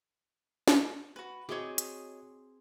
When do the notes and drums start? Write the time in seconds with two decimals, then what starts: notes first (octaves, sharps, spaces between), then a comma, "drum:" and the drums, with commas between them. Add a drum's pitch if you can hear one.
0.68 drum: snare
1.16 F#4 B4
1.49 C4 F#4 G#4 C#5 D#5 D6
1.78 drum: hi-hat